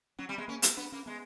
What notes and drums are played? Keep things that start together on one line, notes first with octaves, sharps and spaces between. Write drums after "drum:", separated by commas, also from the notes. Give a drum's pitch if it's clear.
F#3 C#4
G3 C4
G#3 B3
A#3 C#4
B3 C4, drum: hi-hat
B3 D4
A#3 C#4
G#3 B3